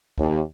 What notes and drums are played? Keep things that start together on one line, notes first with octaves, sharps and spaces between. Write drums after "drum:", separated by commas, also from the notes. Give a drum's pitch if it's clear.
D#2, drum: kick